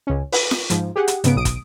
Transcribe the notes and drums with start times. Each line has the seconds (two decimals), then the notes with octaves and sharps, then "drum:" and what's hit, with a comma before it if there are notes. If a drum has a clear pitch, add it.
0.07 C#2 C#4
0.32 B4, drum: open hi-hat
0.51 drum: snare F4
0.70 G#2 F3, drum: hi-hat
0.96 G4 G#4 F#5
1.08 drum: hi-hat
1.24 G#2 C#3 B3 D7, drum: hi-hat
1.36 B1 D#6 D7
1.45 drum: kick, hi-hat